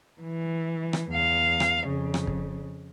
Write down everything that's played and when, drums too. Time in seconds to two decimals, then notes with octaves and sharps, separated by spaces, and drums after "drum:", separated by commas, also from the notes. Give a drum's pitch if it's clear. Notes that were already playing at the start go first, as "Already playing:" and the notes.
0.21 E3
0.93 drum: rim click
1.12 E2 F5
1.60 drum: rim click
1.87 F2 C#3
2.14 drum: rim click
2.27 drum: kick